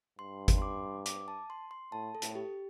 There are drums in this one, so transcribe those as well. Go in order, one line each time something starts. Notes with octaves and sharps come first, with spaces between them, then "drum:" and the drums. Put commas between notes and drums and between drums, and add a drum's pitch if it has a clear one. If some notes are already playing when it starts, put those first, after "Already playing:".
G2 C6
drum: kick G1, hi-hat
C6
D6
D6, drum: hi-hat
A5
C6
C6
A2 A5
A4
A2, drum: hi-hat
G4